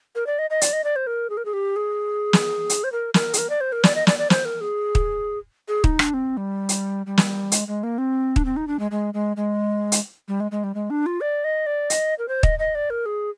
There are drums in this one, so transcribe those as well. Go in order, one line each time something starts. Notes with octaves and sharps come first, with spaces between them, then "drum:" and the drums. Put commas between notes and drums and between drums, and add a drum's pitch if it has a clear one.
A#4
D5
D#5
D#5
D5, drum: hi-hat
D#5
D5
C5
A#4
G#4
A#4
G#4
G4
G#4
drum: snare
drum: hi-hat
C5
A#4
A#4, drum: snare
G#4, drum: hi-hat
A#4
D5
C5
A#4
D5, drum: snare
D#5
D5, drum: snare
D5
C5, drum: snare
A#4
G#4
drum: kick
G#4
D#4, drum: kick
D4, drum: rim click
C4
G3
drum: hi-hat
G3
drum: snare
G#3, drum: hi-hat
G#3
A#3
C4
D4, drum: kick
C4
D#4
D4
G#3
G#3
G#3
G#3
drum: hi-hat
G3
G#3
G#3
G3
G#3
D4
F4
D5
D#5
D5
D#5, drum: hi-hat
A#4
C5
D#5, drum: kick
D#5
D5
A#4
G#4